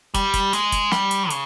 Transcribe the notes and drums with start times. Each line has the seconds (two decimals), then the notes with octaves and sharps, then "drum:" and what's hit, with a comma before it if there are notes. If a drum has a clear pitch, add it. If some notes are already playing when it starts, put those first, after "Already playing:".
0.14 G3, drum: kick, hi-hat
0.34 drum: kick, hi-hat
0.53 G#3, drum: hi-hat
0.72 drum: kick, hi-hat
0.91 G3, drum: snare
1.11 drum: hi-hat
1.30 C#3, drum: hi-hat